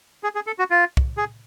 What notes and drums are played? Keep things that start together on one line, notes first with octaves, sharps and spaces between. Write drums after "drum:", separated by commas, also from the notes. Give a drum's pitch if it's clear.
G#4
G#4
A4
F#4
F4
drum: kick
G#4